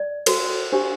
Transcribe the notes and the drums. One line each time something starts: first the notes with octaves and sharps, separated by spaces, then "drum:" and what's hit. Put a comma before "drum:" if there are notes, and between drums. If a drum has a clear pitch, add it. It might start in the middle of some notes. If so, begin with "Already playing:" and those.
Already playing: D5
F#4 A4 C5, drum: cymbal
D4 G4 C5